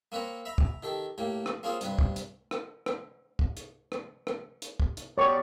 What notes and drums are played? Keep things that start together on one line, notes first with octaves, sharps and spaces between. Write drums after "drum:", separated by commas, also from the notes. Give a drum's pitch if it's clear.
A#3 C4 B4 C#5 A#5
E5 A#5 B5
drum: kick
D#3 G4 A4
A2 A#3 G4
drum: rim click
A#3 C4 C#4 F4 G#4 C5
G2 C3 B4, drum: hi-hat
drum: kick
drum: hi-hat
drum: rim click
drum: rim click
drum: kick
drum: hi-hat
drum: rim click
drum: rim click
drum: hi-hat
drum: kick
drum: hi-hat
E2 G4 C#5 D5 C#6